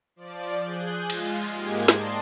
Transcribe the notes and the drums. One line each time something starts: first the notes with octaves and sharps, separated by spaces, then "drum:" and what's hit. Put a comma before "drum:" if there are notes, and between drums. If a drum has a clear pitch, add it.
F3 D5
G#4 F#6 G6
G#3 F4, drum: cymbal
G#2 G#3 A#3 G4 G#6
D5 D#5 A5 C6, drum: snare